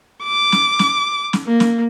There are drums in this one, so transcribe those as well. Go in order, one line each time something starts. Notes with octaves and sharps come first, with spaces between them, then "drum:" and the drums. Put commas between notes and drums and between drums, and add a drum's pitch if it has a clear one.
D6
drum: snare
drum: snare
drum: snare
A#3
drum: snare